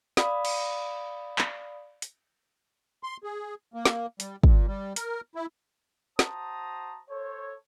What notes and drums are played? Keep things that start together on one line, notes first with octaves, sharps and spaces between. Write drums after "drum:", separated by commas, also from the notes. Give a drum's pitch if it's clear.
D5 F5 B5 D#6, drum: snare
drum: cymbal
drum: clap
drum: hi-hat
C6
G#4
A#3
drum: snare
G3, drum: hi-hat
A#2, drum: kick
G3
A#4, drum: hi-hat
E4
F#4 C5 A5 A#5 D#6, drum: snare
A4 C5 C#5